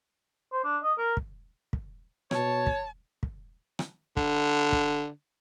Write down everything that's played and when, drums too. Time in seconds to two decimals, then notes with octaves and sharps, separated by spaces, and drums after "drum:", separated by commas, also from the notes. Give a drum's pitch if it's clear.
0.52 C5
0.64 D4
0.84 D#5
0.98 A#4
1.17 drum: kick
1.73 drum: kick
2.31 B2 C#5 A5, drum: rim click
2.67 drum: kick
3.23 drum: kick
3.79 drum: rim click
4.17 D3, drum: kick
4.72 drum: kick